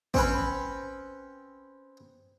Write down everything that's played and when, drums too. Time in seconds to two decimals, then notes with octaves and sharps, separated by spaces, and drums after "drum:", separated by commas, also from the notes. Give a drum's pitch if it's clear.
0.14 C4 C#4 B4, drum: kick